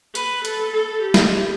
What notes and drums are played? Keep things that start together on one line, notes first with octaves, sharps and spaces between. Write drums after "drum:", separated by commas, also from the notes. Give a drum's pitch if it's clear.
B4, drum: hi-hat
A4, drum: hi-hat
A4
G4
drum: snare